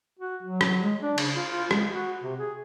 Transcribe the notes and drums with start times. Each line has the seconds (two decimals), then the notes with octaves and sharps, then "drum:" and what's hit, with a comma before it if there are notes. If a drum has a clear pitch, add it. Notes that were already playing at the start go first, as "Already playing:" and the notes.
0.19 F#4
0.43 F#3
0.61 drum: rim click
0.82 G#3
1.02 D4
1.18 C#3, drum: cymbal
1.35 F4
1.50 F4
1.71 G#3, drum: rim click
1.92 F#4
2.24 C3
2.39 G#4